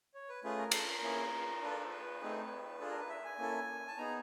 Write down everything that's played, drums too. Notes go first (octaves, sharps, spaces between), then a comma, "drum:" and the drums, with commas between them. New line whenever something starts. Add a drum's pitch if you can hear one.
C#5
B4
A3 C#4 F4 G#4 B4
A#4
A4, drum: cymbal
A#4
A#3 C#4 E4 G#4
D4 F4 A4 B4
A#4
C5
B4
A3 C4 D#4 G#4
D4 F4 G#4 A4
A#4
B4
E5
G#5
A#3 C#4 E4 A4
A5
B3 D#4 G#4 A#5